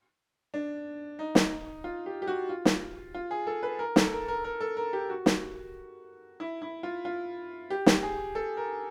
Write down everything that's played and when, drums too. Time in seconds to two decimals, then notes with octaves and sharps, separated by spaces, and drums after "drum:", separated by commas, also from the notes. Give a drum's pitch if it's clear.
0.54 D4
1.19 D#4
1.35 drum: snare
1.84 F4
2.06 G4
2.22 G4
2.27 F#4
2.49 F4
2.65 drum: snare
3.14 F4
3.31 G#4
3.47 A4
3.63 B4
3.79 A#4
3.96 A4, drum: snare
4.12 A#4
4.28 A#4
4.44 A#4
4.61 A4
4.77 A#4
4.93 G4
5.10 F#4
5.26 drum: snare
6.40 E4
6.62 E4
6.83 F4
7.05 F4
7.70 G4
7.86 drum: snare
8.03 G#4
8.35 A4
8.57 A#4